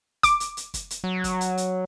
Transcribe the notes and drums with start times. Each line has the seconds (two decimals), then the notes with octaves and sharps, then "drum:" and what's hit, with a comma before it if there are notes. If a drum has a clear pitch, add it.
0.23 D6, drum: kick, hi-hat
0.40 drum: hi-hat
0.57 drum: hi-hat
0.74 drum: kick, hi-hat
0.90 drum: hi-hat
1.04 F#3
1.24 drum: kick, hi-hat
1.41 drum: hi-hat
1.57 drum: hi-hat